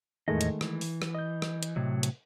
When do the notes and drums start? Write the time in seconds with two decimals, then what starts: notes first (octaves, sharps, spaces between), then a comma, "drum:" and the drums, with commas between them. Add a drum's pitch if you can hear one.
0.28 E2 A2 D#3 G#3 A3 D#5
0.41 drum: hi-hat
0.61 E3, drum: rim click
0.81 drum: open hi-hat
1.02 drum: rim click
1.15 D#5 G6
1.42 drum: rim click
1.63 drum: hi-hat
1.76 A2 C3 F#3
2.03 drum: hi-hat